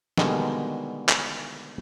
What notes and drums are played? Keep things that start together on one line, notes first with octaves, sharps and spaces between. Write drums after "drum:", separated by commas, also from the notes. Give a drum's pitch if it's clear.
B2 D3 D#3 G3 G#3 A#3, drum: snare
drum: clap